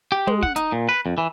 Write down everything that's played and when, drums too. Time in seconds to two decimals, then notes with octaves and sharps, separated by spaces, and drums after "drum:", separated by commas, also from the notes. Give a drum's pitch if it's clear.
0.12 G4
0.27 G#3, drum: tom
0.43 F#5, drum: kick
0.56 D#4, drum: hi-hat
0.72 A#2
0.89 B4
1.06 F2
1.18 E3